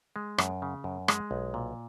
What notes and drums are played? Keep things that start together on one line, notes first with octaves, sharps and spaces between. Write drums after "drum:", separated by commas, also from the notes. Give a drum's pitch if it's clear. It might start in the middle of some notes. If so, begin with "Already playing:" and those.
G#3
F#2, drum: rim click
C#3
F#2
G#3, drum: rim click
B1
A#2